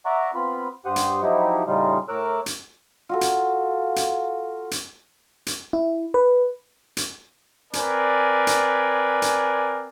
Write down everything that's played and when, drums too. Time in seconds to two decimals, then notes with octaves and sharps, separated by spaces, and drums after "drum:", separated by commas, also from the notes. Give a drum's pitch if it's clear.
0.06 D5 E5 F#5 A#5 C#6
0.35 B3 C4 F4 B5
0.85 G2 G4 C5 F#5 D#6
0.96 drum: hi-hat
1.22 F3 F#3 D#4 E4 G4
1.67 A2 C#3 G3 D#4 F4
2.09 A2 A#4 C#5 D6 E6 F#6
2.46 drum: hi-hat
3.09 F4 F#4 A4
3.21 drum: hi-hat
3.96 drum: hi-hat
4.71 drum: hi-hat
5.46 drum: hi-hat
5.73 E4
6.14 B4
6.97 drum: hi-hat
7.73 C4 A#4 B4 D5 G#5, drum: hi-hat
8.47 drum: hi-hat
9.22 drum: hi-hat